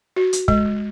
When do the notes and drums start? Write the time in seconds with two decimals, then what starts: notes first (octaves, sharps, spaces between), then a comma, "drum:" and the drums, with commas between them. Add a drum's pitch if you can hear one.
0.16 F#4
0.33 drum: hi-hat
0.48 G#3, drum: kick